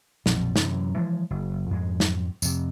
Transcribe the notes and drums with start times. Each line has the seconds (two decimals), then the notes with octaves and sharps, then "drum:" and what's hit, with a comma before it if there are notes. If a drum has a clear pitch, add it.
0.26 A#1 F2 B2 F3, drum: snare
0.56 F#2 C3 E3, drum: snare
0.96 E3 F3 G#3
1.30 F#1
1.71 F2 G#2 G#3
2.00 drum: snare
2.42 F2 C3, drum: tambourine